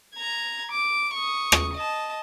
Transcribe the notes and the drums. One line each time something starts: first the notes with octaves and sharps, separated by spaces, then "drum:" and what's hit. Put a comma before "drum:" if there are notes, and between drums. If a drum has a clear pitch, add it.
A#5 G#6
D6
C#6 D#6
drum: rim click
D#5 A5